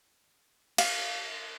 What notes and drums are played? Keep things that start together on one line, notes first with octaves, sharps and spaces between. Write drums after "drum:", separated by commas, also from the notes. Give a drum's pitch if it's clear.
F5, drum: cymbal